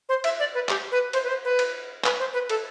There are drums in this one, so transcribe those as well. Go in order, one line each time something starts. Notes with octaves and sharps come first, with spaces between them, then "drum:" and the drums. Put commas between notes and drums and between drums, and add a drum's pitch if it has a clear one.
C5
E5, drum: cymbal
D5
B4
G4, drum: clap
B4
C5, drum: cymbal
B4
C5
B4
drum: cymbal
B4, drum: clap
C5
B4
A4, drum: cymbal